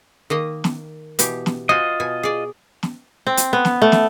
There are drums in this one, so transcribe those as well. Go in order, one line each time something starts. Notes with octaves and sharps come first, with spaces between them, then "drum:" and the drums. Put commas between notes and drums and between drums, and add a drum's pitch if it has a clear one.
D#3 A#3 D#5
drum: snare
B2 E3 G4, drum: hi-hat
drum: snare
F4 F#4 C5 D#5 G#5
B2 G#5
G#4 D5
drum: snare
C4
drum: hi-hat
B3
drum: snare
A3
drum: snare